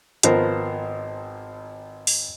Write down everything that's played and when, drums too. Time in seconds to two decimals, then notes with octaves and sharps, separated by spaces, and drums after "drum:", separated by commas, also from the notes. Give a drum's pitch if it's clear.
0.23 G#1 F3 B3 A#4 C5, drum: hi-hat
2.07 drum: open hi-hat